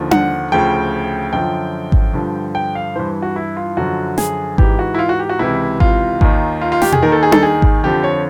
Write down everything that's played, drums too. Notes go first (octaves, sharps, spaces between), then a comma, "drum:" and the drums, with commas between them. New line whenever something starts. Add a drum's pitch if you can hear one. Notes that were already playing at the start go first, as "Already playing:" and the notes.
Already playing: D#2 D3 F3
F#5, drum: tom D4
D2 C#3 F3 G5
F#2 D3 F3 G5
drum: kick G#1
G2 D3 F3
G5
F5
G2 E3 C5
F#4
E4
F4
F#2 D3 F3 F#4
G#4, drum: snare
G#2 E3 G4, drum: kick G#1
F#4
E4
F4
F#4
G4
F#4
C#2 C3 E3 E4
F4, drum: kick G#1
D#2 D#3, drum: kick G#1
F4
F4
G4, drum: snare
G#4, drum: tom B2
D#2 D#3 A#4
A4
G#4
A4, drum: tom D4
G#4
drum: kick G#1
F2 D3 F3 G4
C#5